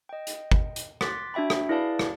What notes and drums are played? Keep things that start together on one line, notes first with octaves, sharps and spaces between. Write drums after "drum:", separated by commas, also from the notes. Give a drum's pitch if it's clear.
D#5 G5
drum: hi-hat
drum: kick
drum: hi-hat
C6 D6 F#6 A6 B6, drum: rim click
D4 F#4 E5 G5 B5
drum: rim click
E4 G#4 B4 D5 F5 A5
drum: rim click